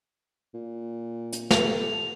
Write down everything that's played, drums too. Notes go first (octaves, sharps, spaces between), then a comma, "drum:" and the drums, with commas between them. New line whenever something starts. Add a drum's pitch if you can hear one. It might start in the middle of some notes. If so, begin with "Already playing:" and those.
A#2
drum: hi-hat
B3 G4 A4 F7, drum: snare